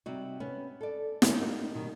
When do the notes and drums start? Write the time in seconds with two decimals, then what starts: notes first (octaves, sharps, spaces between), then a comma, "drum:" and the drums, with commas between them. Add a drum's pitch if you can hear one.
0.06 C3 G3 D#4 F#4
0.40 B3 C#4
0.81 A4 D5
1.22 D#3 E3 G#3 C#4, drum: snare
1.39 A#3 D4 D#4 F#4
1.74 B2 D#3 G3